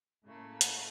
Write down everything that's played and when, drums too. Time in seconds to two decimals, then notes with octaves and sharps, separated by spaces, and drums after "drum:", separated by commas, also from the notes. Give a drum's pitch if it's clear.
0.25 A2 C#3 A3 A#3
0.61 drum: hi-hat